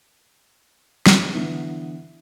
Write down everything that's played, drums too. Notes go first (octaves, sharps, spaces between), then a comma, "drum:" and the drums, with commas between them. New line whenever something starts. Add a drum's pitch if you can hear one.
drum: snare
D3 E3 B3